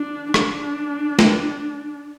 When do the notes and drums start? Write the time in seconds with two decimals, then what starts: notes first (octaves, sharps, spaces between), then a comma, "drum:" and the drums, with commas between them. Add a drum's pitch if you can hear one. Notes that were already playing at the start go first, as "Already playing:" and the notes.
Already playing: D4
0.34 D4, drum: rim click
1.19 drum: snare